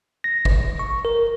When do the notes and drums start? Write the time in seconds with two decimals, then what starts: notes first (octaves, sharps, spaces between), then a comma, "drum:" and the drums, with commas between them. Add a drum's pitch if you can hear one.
0.24 A#6
0.45 drum: kick
0.79 C#6
1.05 A#4